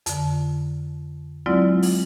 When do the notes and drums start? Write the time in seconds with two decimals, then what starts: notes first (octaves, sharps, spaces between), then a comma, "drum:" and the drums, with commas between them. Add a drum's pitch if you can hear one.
0.06 F2 D3, drum: hi-hat
1.46 F#3 G#3 C4 E4 F4 D5
1.83 drum: open hi-hat